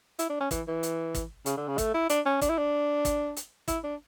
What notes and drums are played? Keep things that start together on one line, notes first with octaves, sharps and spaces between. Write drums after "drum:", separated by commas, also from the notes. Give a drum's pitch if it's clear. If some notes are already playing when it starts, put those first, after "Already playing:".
E4, drum: hi-hat
D4
C#4
E3, drum: kick, hi-hat
E3
drum: hi-hat
drum: kick, hi-hat
C#3, drum: hi-hat
D3
C#3
A3, drum: kick, hi-hat
E4
D4, drum: hi-hat
C#4
D4, drum: kick, hi-hat
E4
D4
drum: kick, hi-hat
drum: hi-hat
E4, drum: kick, hi-hat
D4